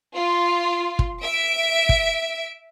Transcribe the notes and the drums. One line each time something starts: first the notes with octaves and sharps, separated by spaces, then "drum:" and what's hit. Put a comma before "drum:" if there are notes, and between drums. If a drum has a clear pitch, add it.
F4
drum: kick
E5 D7
drum: kick